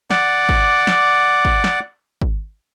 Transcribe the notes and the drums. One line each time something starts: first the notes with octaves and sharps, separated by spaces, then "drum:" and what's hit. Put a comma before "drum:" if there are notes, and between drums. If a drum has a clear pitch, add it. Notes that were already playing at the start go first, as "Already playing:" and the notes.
D5 F#5 D6, drum: snare
drum: kick G#1
drum: snare
drum: kick G#1
drum: snare
drum: kick G#1